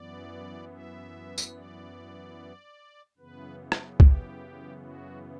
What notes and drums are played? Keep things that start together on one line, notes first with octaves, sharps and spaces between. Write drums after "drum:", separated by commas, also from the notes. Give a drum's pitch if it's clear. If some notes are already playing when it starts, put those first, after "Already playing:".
Already playing: F#2 E3 B3 D5
E5
drum: tambourine
D5
F#2 C#3 E3 B3 B4
drum: rim click
G4, drum: kick C#2
F#4